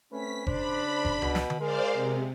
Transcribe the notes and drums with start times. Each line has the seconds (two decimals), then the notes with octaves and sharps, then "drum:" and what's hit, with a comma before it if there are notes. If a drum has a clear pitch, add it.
0.12 A3 C4 C#4 B4 B6
0.47 C#3 D4 C5 B5, drum: kick F#1
0.90 C5
1.05 drum: kick F#1
1.22 B2, drum: tom C#2
1.35 drum: snare
1.50 drum: tom D3
1.60 G#3 A#4 C5 D5 F5
1.94 C3